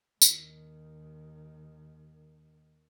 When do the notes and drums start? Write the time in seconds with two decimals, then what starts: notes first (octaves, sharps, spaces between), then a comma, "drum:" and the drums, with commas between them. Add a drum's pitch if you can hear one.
0.22 D#2 D#3, drum: tambourine